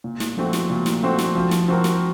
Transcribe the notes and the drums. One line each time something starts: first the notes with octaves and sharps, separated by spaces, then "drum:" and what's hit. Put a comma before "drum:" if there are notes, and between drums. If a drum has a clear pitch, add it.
A#2
drum: snare
F3 A3 C4 F#4
drum: snare
A#2
drum: snare
F3 A3 C4 F#4
drum: snare
F3
drum: snare
C4 F#4 A#4
drum: snare